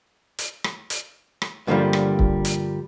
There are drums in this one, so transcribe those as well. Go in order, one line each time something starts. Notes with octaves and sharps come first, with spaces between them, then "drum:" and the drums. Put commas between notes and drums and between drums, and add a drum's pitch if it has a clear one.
drum: hi-hat
drum: rim click
drum: hi-hat
drum: rim click
G2 A#2 D3 D#3 F3 G3
drum: rim click
drum: kick
drum: hi-hat